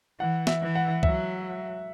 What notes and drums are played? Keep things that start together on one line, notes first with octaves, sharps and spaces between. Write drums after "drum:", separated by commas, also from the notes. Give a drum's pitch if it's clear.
E3 F#5
E5, drum: snare
E3
F#5
F#3 E5, drum: kick C2